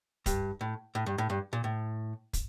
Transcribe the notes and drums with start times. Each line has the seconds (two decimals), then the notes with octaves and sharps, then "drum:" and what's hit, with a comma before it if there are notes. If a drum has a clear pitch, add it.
0.26 G2, drum: kick, hi-hat
0.61 A2
0.95 A2
1.06 G2
1.18 A2
1.30 G2
1.53 A#2
1.64 A2
2.33 drum: kick, hi-hat